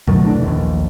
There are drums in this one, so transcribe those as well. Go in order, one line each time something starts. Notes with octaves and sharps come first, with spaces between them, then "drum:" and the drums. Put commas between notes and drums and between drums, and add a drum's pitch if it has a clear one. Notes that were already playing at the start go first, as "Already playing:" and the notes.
B2 D#3 F#3 A3, drum: kick
F1 E3 D4
A#1 D#2